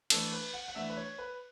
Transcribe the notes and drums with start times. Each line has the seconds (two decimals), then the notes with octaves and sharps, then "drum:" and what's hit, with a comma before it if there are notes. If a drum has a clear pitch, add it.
0.10 E3 A3 D4 A4, drum: cymbal
0.32 B4
0.54 F#5
0.68 F#5
0.75 E3 A3 D4 E5
0.90 B4
0.97 C#5
1.19 B4